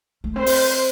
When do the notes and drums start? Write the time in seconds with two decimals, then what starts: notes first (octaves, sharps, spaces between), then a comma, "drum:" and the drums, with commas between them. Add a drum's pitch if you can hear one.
0.24 A3
0.36 C4 C5
0.46 drum: open hi-hat